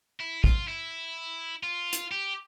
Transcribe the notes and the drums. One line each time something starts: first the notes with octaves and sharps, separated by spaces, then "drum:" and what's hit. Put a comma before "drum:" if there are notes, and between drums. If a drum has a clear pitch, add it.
E4
F4, drum: kick
E4
F4
drum: hi-hat
G4